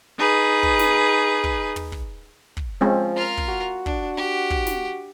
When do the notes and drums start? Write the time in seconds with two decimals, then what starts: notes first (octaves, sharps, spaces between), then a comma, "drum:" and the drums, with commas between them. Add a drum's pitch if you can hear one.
0.17 D#4 G#4 B4
0.63 drum: kick
0.79 drum: snare
1.44 drum: kick
1.76 drum: tom
1.92 drum: kick
2.57 drum: kick
2.81 F3 G#3 C4 C#4
3.16 F4 A#4
3.37 drum: kick
3.49 F#4
3.86 D4, drum: kick
4.15 G4 F#5
4.50 drum: kick
4.67 drum: snare